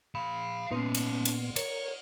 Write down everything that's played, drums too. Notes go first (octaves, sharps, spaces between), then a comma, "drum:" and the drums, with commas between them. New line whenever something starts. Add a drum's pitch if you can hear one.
F5 B5
A#2 B3 C#4 D#4 C6
drum: cymbal
drum: cymbal
A#4 C#5, drum: cymbal